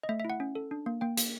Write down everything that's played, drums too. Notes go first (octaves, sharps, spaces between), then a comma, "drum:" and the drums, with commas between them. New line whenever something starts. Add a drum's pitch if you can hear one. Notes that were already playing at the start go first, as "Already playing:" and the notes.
D#5
A3 E5
E5
E4
F#5
C#4
A4
D4
A#3
A#3 G5
A#3, drum: hi-hat